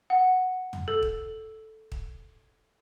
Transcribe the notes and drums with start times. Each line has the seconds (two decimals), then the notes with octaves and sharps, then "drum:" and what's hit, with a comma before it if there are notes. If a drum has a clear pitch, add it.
0.10 F#5
0.73 drum: tom
0.88 A4
1.03 drum: kick
1.92 drum: kick